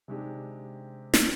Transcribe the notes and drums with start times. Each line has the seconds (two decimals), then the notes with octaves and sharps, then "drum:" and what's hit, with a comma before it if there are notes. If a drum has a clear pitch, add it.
0.08 C3 D#3 G#3 D4 G4
1.14 drum: snare